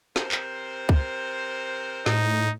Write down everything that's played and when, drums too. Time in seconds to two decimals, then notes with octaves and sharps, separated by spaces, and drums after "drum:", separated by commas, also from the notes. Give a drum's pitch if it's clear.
0.16 C3 A#4 C5, drum: snare
0.32 drum: clap
0.89 drum: kick C#2
2.06 A2 D#4, drum: snare